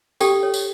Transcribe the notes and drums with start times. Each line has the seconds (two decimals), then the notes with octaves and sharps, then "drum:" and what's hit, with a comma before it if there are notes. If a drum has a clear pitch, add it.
0.20 G4 A4 G5, drum: tambourine
0.43 C#5
0.54 drum: tambourine